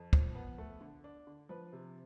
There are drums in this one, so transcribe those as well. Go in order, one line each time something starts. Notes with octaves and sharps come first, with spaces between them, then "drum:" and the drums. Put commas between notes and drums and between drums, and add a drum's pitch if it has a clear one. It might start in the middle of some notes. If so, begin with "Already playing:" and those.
Already playing: F2
F3, drum: kick
B3
A3
D3
D4
D3
F3 B4
C3